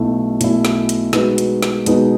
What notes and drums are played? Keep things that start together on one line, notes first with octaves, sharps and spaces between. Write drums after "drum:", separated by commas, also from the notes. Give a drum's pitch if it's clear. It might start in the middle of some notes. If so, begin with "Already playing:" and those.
Already playing: B1 B2 A3 E4
B1 B2 A3 E4, drum: hi-hat
drum: snare
drum: hi-hat
B2 G#3 D#4 F#4 B4, drum: snare
drum: hi-hat
drum: snare
B2 G#3 D#4 F#4 B4, drum: hi-hat